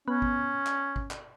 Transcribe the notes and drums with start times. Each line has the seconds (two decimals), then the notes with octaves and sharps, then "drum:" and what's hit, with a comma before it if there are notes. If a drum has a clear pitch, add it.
0.08 B3 C#4
0.22 drum: kick G#1
0.66 drum: clap
0.96 drum: kick G#1
1.11 drum: clap